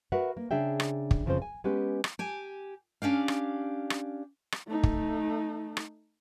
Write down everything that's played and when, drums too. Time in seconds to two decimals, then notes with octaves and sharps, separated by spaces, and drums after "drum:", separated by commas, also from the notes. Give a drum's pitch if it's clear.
0.12 F#4 A#4 B4 E5 F#5
0.37 A#3
0.51 C#3 D4 G#4 E5 G5
0.80 drum: rim click
1.11 drum: kick
1.26 F2 C#3 F3 C4 C5
1.42 G#5
1.64 G#3 B3 C#4 G4 B4
2.04 drum: rim click
2.19 G4 G#5
3.02 C#4 D4 G4 F5
3.28 drum: rim click
3.90 drum: rim click
4.52 drum: rim click
4.67 A3 D#4
4.83 drum: kick
5.77 drum: rim click